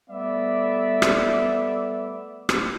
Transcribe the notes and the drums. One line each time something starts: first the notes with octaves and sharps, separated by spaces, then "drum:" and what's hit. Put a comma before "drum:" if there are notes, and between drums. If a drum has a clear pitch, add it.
G3 A3 B3 D5 E5
drum: rim click
drum: rim click